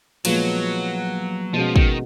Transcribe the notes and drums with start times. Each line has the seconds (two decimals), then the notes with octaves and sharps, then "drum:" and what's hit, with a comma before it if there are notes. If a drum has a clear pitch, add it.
0.25 A#2 F3 F#3 G#3 B3 F4, drum: cymbal
1.53 B2 F3 G#3 C#4 F#4
1.76 D#3, drum: kick